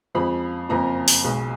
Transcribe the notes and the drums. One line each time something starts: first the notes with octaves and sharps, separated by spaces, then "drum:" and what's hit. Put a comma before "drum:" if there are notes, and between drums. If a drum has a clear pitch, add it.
F2 F3 G#3 B5
F#1 F2 F3 A#5
drum: open hi-hat
B1 B2 G#3